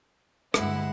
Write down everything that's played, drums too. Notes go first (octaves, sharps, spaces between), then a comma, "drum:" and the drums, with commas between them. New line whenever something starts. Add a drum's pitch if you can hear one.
D2 G2 G#3 E4 F#5, drum: rim click